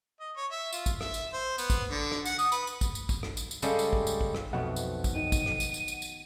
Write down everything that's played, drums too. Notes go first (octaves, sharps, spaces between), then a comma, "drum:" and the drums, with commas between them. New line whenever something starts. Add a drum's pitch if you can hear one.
D#5
C#5
E5
F4, drum: tambourine
drum: kick, tambourine
E5, drum: rim click
drum: tambourine
C5
B3, drum: tambourine
drum: kick, tambourine
D3
drum: rim click
F#5, drum: tambourine
D#6, drum: tambourine
B4, drum: tambourine
drum: tambourine
drum: kick, tambourine
drum: tambourine
drum: kick, tambourine
drum: rim click
drum: tambourine
drum: tambourine
C#3 G3 G#3 G4 A4, drum: tambourine
drum: tambourine
drum: kick
drum: tambourine
drum: kick
drum: rim click
B1 F2 B2 A3 B3 F#5
drum: tambourine
drum: kick, tambourine
D#3 D#7
drum: kick, tambourine
drum: rim click
drum: tambourine
drum: tambourine
drum: tambourine
drum: tambourine